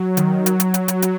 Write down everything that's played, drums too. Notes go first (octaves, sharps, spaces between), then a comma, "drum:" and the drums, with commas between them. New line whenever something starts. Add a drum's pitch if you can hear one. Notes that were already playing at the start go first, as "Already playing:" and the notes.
Already playing: F#3
D#3, drum: hi-hat
F#3, drum: hi-hat
drum: hi-hat
drum: hi-hat
drum: hi-hat
drum: hi-hat